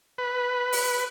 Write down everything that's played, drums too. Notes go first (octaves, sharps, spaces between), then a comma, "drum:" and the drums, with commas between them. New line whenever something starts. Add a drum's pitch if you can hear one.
B4
drum: open hi-hat